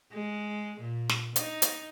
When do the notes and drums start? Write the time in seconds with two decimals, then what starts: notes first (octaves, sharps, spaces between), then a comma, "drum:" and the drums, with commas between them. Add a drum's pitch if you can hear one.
0.12 G#3
0.80 A#2
1.09 drum: snare
1.36 D#4, drum: hi-hat
1.62 drum: hi-hat